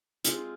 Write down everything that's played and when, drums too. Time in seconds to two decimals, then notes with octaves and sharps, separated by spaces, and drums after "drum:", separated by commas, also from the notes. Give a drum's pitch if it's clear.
0.24 G#3 C4 F4, drum: hi-hat